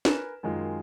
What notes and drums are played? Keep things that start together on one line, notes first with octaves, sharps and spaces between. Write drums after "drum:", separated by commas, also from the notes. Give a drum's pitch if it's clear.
A#4 B4 G#5 E7, drum: snare
F#2 D#3 G#3 F4